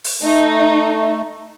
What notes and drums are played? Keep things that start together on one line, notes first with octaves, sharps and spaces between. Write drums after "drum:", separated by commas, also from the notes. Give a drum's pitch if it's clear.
drum: open hi-hat
A3 D#4